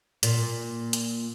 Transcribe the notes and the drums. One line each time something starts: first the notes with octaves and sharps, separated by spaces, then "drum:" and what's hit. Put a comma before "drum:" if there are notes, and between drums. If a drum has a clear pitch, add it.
A#2, drum: hi-hat
drum: hi-hat